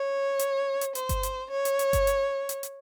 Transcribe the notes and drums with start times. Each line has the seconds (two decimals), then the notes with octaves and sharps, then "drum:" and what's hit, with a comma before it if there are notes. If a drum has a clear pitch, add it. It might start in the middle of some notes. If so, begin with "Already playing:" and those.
Already playing: C#5
0.39 drum: hi-hat
0.81 drum: hi-hat
0.95 C5, drum: hi-hat
1.09 drum: kick G1, hi-hat
1.23 drum: hi-hat
1.51 C#5
1.65 drum: hi-hat
1.79 drum: hi-hat
1.93 drum: kick G1, hi-hat
2.07 drum: hi-hat
2.49 drum: hi-hat
2.63 drum: hi-hat